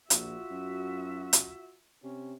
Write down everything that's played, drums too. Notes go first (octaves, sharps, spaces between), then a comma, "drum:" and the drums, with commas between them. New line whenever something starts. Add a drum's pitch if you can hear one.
A#1 F4 F#4 E5, drum: hi-hat
F#2
drum: hi-hat
C3 C#4